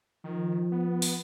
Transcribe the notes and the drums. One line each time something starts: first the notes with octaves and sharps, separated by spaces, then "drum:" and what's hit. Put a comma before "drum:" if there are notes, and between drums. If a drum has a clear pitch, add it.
D#3 F3
B3
drum: open hi-hat